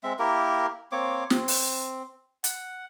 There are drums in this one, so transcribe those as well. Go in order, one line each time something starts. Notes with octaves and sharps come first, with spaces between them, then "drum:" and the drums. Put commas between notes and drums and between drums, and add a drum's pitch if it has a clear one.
G#3 C4 E5
A#3 E4 G4 A#4
A#3 C4 C#5 D6
C4, drum: snare
drum: open hi-hat
F#5, drum: hi-hat